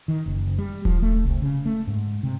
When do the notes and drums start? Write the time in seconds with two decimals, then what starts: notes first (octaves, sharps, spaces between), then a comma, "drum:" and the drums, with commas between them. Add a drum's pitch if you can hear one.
0.08 D#3
0.26 F#1
0.58 G3
0.85 F3, drum: kick D#1
1.02 A3
1.25 C2
1.42 C#3
1.66 A3
1.87 G#2
2.23 C3